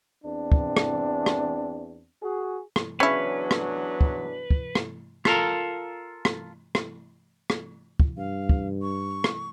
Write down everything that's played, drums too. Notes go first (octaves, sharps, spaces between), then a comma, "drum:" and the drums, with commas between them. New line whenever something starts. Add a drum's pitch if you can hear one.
E2 C4 D4
drum: kick
drum: rim click
drum: rim click
F#4 G#4
drum: rim click
E2 C#3 F#3 C#4 D4 E4 B4 C#5
drum: rim click
drum: kick
drum: kick
drum: rim click
F4 A4 A#4, drum: rim click
drum: rim click
drum: rim click
drum: rim click
drum: kick
G2 F5
drum: kick
C#6
drum: rim click